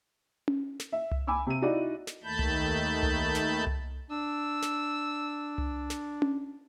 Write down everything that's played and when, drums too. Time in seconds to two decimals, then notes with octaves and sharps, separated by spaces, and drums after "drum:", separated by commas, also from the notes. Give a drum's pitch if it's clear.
0.48 drum: tom C#4
0.80 drum: snare
0.92 E5
1.11 drum: tom C2
1.27 G#5 B5 D6 E6
1.47 C3 D#7
1.62 D#4 E4 F#4 D5
2.07 drum: snare
2.24 D#2 D#3 A3 A5 B5 G6
2.39 drum: tom C2
3.03 drum: tom C2
3.35 drum: snare
3.67 drum: tom C2
4.10 D4 E6
4.62 drum: snare
5.58 drum: tom C2
5.90 drum: snare
6.22 drum: tom C#4